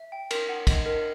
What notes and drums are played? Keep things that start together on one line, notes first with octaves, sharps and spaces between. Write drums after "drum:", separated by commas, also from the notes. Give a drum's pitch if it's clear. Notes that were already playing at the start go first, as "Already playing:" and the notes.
Already playing: E5
G5
A#4, drum: cymbal
F#5
D#5, drum: kick, cymbal
A#4